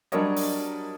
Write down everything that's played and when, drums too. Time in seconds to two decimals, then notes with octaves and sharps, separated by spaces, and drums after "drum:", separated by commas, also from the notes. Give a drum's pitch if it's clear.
0.12 F#3 G3 D4 A#4 C#5 D#5, drum: hi-hat
0.36 drum: open hi-hat